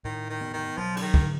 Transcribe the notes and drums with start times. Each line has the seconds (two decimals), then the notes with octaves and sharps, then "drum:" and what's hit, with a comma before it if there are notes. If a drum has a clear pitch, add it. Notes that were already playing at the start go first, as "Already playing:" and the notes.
0.05 A2 D#3
0.30 D#3
0.41 B3
0.54 D#3
0.78 F3 F#3
0.97 D3, drum: cymbal
1.02 D#3
1.14 D3, drum: kick